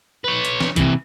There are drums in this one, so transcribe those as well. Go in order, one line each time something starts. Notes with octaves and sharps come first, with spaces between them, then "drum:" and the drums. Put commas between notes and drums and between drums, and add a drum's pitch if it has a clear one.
B4 C#5
drum: hi-hat
drum: snare
C3 E3, drum: kick, hi-hat